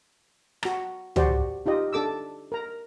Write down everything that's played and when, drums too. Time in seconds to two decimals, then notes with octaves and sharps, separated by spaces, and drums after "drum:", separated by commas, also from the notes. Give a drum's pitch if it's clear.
0.63 F#4 A#5, drum: rim click
1.16 F#4 G4 C5 D5, drum: tom C#2
1.66 D#4 F4 G4 D#5
1.93 D4 A4 D6 E6
2.52 A#4 A#5